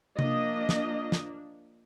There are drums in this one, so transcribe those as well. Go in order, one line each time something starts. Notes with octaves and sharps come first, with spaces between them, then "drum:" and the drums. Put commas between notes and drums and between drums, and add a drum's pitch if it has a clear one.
F3 A#3 D4 D#5, drum: tom C3
drum: snare
drum: snare